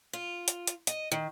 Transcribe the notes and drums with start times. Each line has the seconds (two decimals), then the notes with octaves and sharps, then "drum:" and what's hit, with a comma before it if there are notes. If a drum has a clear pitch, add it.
0.13 F4
0.48 drum: hi-hat
0.67 drum: hi-hat
0.87 D#5, drum: hi-hat
1.12 D#3